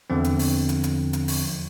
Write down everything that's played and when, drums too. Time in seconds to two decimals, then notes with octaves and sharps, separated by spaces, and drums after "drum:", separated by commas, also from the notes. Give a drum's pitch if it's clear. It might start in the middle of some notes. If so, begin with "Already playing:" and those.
0.10 E2 D3 F3 C4
0.24 drum: hi-hat
0.39 drum: open hi-hat
0.69 drum: hi-hat
0.84 drum: hi-hat
1.13 drum: hi-hat
1.28 drum: open hi-hat